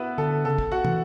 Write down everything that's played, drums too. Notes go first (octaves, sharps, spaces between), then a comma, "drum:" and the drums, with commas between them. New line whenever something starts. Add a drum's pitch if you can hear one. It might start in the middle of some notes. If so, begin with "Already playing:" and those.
Already playing: B3 E4 F#4 B4 E5
D3 A4
C#3 A4
drum: kick
F#4 F#5
E3, drum: tom